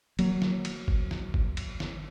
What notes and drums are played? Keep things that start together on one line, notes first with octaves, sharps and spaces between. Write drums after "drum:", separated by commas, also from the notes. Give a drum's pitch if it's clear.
F#3 A#3, drum: cymbal
drum: snare
drum: cymbal
drum: kick G1
drum: snare
drum: kick G1
drum: cymbal
drum: snare